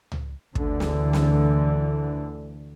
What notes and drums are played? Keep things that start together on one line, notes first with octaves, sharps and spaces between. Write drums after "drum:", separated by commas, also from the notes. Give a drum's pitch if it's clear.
drum: tom C#2
D2 D3 E3, drum: kick
drum: snare
drum: snare